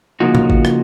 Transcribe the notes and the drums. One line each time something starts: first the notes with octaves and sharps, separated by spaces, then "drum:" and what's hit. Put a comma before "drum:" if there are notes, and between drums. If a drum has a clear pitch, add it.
C#3 F3 A#3 D#4 F#4
drum: tom A#2
drum: kick G#1
drum: rim click